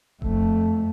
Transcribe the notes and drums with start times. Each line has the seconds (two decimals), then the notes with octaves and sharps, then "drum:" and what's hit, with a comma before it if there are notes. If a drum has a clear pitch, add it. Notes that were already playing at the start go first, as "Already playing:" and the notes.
0.22 F2 A3, drum: kick D#1